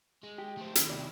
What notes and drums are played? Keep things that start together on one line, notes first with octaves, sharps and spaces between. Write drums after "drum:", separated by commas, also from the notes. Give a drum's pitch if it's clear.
G#3
G4
A3 C4
D#2 E4, drum: hi-hat
C3 D5